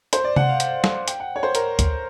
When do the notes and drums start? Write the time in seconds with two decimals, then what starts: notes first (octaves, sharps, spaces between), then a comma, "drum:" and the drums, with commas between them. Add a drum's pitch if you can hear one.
0.13 C5, drum: hi-hat
0.24 D5
0.36 F#5, drum: tom C3
0.49 F5
0.60 drum: hi-hat
0.84 drum: snare
1.08 G5, drum: hi-hat
1.20 F#5
1.36 C#5
1.43 C5
1.55 A#4, drum: hi-hat
1.79 drum: kick, hi-hat